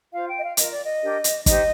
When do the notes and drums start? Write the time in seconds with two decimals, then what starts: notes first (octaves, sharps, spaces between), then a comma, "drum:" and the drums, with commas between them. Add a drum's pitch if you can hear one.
0.13 F4 C5 F5
0.28 G5
0.38 D#5
0.43 F5
0.57 F4 A#4 D#5, drum: hi-hat
0.71 D5
0.85 D#5
1.02 D4 G4 A#4
1.24 drum: hi-hat
1.46 D#4 G4 C5 D#5, drum: kick, hi-hat